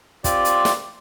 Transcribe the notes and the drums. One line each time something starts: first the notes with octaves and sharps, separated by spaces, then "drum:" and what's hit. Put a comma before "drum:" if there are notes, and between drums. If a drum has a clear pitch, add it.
C4 F4 G4 D5, drum: kick, hi-hat
drum: hi-hat
drum: snare